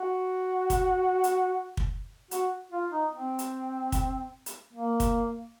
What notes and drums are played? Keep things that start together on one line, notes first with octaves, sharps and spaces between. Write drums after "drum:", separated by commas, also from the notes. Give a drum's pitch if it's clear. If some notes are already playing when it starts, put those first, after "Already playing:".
Already playing: F#4
drum: kick, hi-hat
drum: hi-hat
drum: kick
F#4, drum: hi-hat
F4
D#4
C4
drum: hi-hat
drum: kick, hi-hat
drum: hi-hat
A#3
drum: kick, hi-hat